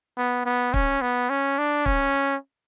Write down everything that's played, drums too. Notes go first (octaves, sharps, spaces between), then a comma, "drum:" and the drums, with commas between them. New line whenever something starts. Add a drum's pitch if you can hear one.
B3
B3
C#4, drum: kick
B3
C#4
D4
C#4, drum: kick